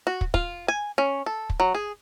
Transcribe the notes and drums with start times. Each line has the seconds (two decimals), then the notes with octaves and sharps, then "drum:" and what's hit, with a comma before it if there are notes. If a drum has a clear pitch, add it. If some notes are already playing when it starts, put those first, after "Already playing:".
0.07 F#4
0.21 drum: kick
0.34 F4, drum: kick
0.68 G#5
0.98 C#4
1.26 A4
1.50 drum: kick
1.60 F#3
1.75 G#4